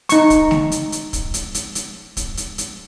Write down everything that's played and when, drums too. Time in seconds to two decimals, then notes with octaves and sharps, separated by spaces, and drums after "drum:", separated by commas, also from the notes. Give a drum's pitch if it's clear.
0.09 D#4 C#6, drum: hi-hat
0.30 drum: kick, hi-hat
0.51 drum: snare A3
0.72 drum: hi-hat
0.92 drum: hi-hat
1.13 drum: kick, hi-hat
1.34 drum: hi-hat
1.54 drum: hi-hat
1.75 drum: hi-hat
2.17 drum: kick, hi-hat
2.37 drum: hi-hat
2.58 drum: hi-hat